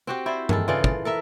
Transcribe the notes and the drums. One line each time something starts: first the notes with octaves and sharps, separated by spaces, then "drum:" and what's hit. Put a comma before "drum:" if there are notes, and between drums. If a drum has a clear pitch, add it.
C4 F#4 G4
E4 C5 D5
D#3 G#4 A4, drum: tom G2
C#3 E3 F4 D5
D5, drum: kick
A4 A#4 E5